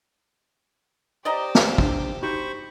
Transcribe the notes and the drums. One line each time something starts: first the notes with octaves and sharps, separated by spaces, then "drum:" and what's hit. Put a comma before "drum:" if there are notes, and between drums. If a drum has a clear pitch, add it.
G4 C5 D5 D#5 A#5
drum: snare
D4, drum: kick
D#4 F#4 G4 C5 B5 C#6